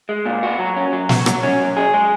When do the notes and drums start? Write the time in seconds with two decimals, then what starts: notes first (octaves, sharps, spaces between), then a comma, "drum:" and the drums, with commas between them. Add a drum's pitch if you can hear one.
0.09 G#3
0.26 A#2
0.43 F#4
0.59 F#3
0.76 C#4
0.93 F#3
1.09 F#4, drum: snare
1.26 F#3, drum: rim click
1.43 C#4
1.60 F#3
1.77 G#4
1.94 G#3